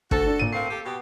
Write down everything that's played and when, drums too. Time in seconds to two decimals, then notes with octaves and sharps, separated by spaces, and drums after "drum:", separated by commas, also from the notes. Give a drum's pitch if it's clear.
0.11 D2 F#4 A4, drum: kick
0.26 D4
0.39 A#2 D#7
0.53 A3 A#3 C4 C7
0.70 G4 A4
0.85 B2 B3 G4